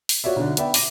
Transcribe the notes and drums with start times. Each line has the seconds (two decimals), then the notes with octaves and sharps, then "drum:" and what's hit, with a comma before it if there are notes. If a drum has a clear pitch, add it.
0.09 drum: open hi-hat
0.24 F4 F#4 C#5 D5 E5
0.36 B1 D3
0.57 B3 D5 E5 G5, drum: hi-hat
0.74 D6 A#6 D#7, drum: open hi-hat